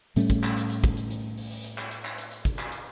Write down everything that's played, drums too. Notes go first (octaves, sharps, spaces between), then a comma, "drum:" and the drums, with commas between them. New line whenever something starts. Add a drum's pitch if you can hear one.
A2 G3 A3 C#4, drum: hi-hat
drum: kick, hi-hat
drum: clap
drum: hi-hat
drum: hi-hat
drum: kick, hi-hat
drum: hi-hat
drum: hi-hat
drum: open hi-hat
drum: open hi-hat
drum: hi-hat
drum: clap
drum: hi-hat
drum: clap
drum: hi-hat
drum: hi-hat
drum: kick, hi-hat
drum: clap
drum: hi-hat